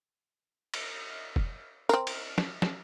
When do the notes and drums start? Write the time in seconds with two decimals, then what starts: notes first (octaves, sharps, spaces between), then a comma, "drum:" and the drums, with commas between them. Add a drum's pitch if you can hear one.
0.74 drum: cymbal
1.36 drum: kick
1.89 C4 A#4, drum: tambourine
2.07 drum: cymbal
2.38 drum: snare
2.62 drum: snare